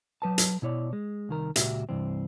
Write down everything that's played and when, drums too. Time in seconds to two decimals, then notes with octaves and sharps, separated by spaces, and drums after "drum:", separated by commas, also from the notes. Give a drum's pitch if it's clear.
0.22 F#3 B4 A5
0.38 drum: hi-hat
0.62 B2 E4 C#5 D5
0.93 G#3
1.29 C2 D#3 A#4
1.56 C#2 A#2 F#4 G4 E5, drum: hi-hat
1.89 C2 G2 E3 C4